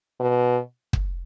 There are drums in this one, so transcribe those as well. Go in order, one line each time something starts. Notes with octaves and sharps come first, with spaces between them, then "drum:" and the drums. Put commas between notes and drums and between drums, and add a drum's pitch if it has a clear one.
B2
drum: kick